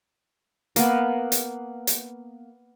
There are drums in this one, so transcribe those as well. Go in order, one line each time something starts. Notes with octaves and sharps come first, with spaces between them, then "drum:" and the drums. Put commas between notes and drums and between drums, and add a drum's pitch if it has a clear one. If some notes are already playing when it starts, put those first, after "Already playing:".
A#3 B3, drum: hi-hat
drum: hi-hat
drum: hi-hat